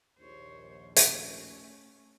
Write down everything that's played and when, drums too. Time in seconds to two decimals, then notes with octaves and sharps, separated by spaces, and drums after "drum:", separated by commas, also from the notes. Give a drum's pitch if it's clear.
0.19 A#1 D#2 C5 C#5
0.96 A3 C#4, drum: hi-hat